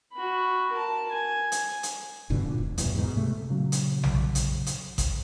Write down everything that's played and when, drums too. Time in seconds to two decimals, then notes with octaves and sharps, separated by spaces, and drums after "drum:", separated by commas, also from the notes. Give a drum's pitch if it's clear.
0.13 F#4 B5
0.72 A#4 A5
1.11 G#5
1.52 drum: hi-hat
1.83 drum: hi-hat
2.30 F#1 G2 B2 D3
2.43 F#1 A#2 D4
2.58 E1
2.78 E2 G2 B2, drum: hi-hat
2.95 G#2 B2
3.17 C3 A3
3.49 A#2 C#3 F#3
3.72 drum: hi-hat
4.03 drum: tom A#1
4.35 drum: hi-hat
4.66 drum: hi-hat
4.98 drum: kick A1, hi-hat